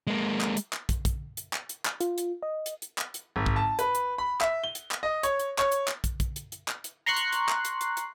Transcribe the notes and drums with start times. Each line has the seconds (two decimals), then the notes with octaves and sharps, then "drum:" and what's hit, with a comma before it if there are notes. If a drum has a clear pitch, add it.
0.07 G#3 A#3
0.41 drum: clap
0.57 drum: hi-hat
0.73 drum: clap
0.89 drum: kick, hi-hat
1.05 drum: kick, hi-hat
1.37 drum: hi-hat
1.53 drum: clap
1.69 drum: hi-hat
1.85 drum: clap
2.01 F4, drum: hi-hat
2.18 drum: hi-hat
2.42 D#5
2.66 drum: hi-hat
2.82 drum: hi-hat
2.98 drum: clap
3.14 drum: hi-hat
3.36 G#1
3.46 drum: kick
3.56 A5
3.79 B4, drum: hi-hat
3.95 drum: hi-hat
4.18 B5
4.41 E5, drum: clap
4.64 G7
4.75 drum: hi-hat
4.91 drum: clap
5.03 D#5
5.23 C#5, drum: hi-hat
5.39 drum: hi-hat
5.58 C#5, drum: clap
5.72 drum: hi-hat
5.88 drum: clap
6.04 drum: kick, hi-hat
6.20 drum: kick, hi-hat
6.36 drum: hi-hat
6.52 drum: hi-hat
6.68 drum: clap
6.84 drum: hi-hat
7.06 A#5 C6 C#6 F#6 C7
7.16 drum: hi-hat
7.33 drum: hi-hat
7.49 drum: clap
7.65 drum: hi-hat
7.81 drum: hi-hat
7.97 drum: hi-hat